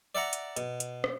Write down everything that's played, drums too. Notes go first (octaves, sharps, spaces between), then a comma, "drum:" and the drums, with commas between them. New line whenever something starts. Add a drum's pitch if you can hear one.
D5 E5 F#5 A#5
drum: hi-hat
B2, drum: hi-hat
drum: hi-hat
drum: rim click